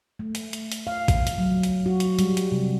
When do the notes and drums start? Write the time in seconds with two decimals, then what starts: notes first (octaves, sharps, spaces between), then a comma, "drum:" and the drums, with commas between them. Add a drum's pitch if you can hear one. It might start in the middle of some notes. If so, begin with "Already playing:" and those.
0.19 A3
0.35 drum: hi-hat
0.53 drum: hi-hat
0.72 drum: hi-hat
0.87 F5
1.08 drum: kick A1, hi-hat
1.27 drum: hi-hat
1.38 F#3
1.63 drum: hi-hat
1.86 F#4
2.00 drum: hi-hat
2.19 G3, drum: hi-hat
2.37 drum: hi-hat
2.52 C3